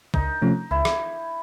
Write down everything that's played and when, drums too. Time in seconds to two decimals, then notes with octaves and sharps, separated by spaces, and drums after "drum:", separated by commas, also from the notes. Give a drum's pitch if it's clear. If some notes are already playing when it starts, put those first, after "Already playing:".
0.14 C#2 D#4, drum: kick
0.42 C3 F3 A3 C#4
0.71 C#2 E4
0.85 drum: rim click